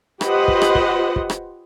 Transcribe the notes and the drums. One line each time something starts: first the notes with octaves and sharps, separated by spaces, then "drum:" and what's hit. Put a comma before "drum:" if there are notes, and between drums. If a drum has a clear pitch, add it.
F4 G4 B4 C5 D#5 F#5, drum: rim click
drum: kick
drum: rim click
drum: kick
drum: kick
drum: rim click